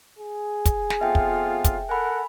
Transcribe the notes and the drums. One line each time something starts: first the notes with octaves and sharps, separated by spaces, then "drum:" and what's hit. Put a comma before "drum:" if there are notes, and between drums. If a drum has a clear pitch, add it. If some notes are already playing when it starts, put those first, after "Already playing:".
G#4
drum: kick, hi-hat
drum: snare
F2 B3 F4 E5 G5
drum: kick
drum: kick, hi-hat
A4 A#4 F#5 G#5 B5